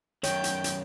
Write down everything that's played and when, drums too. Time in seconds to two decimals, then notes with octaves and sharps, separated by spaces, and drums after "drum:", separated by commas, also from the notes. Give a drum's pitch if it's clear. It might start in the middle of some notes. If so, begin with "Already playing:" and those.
0.23 F#2 D#3 C#5 G5, drum: hi-hat
0.44 drum: hi-hat
0.64 drum: hi-hat